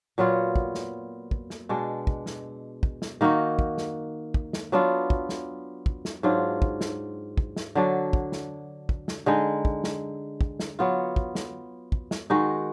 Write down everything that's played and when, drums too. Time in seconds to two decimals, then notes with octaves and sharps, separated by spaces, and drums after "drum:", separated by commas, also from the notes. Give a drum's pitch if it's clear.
0.18 A#2 F#3 B3 F4
0.56 drum: kick
0.74 drum: snare
1.31 drum: kick
1.50 drum: snare
1.69 B2 G#3 D4
2.07 drum: kick
2.26 drum: snare
2.83 drum: kick
3.02 drum: snare
3.21 D#3 A#3 D#4 F#4
3.59 drum: kick
3.78 drum: snare
4.34 drum: kick
4.53 drum: snare
4.72 F#3 B3 D4 F4
5.10 drum: kick
5.29 drum: snare
5.86 drum: kick
6.05 drum: snare
6.23 G#2 F#3 D4 F4
6.62 drum: kick
6.81 drum: snare
7.38 drum: kick
7.56 drum: snare
7.75 D3 F#3 D4
8.13 drum: kick
8.32 drum: snare
8.89 drum: kick
9.08 drum: snare
9.26 D3 G#3 D#4
9.65 drum: kick
9.84 drum: snare
10.41 drum: kick
10.60 drum: snare
10.79 F#3 B3 F4
11.16 drum: kick
11.35 drum: snare
11.92 drum: kick
12.11 drum: snare
12.30 D#3 G#3 D#4 F#4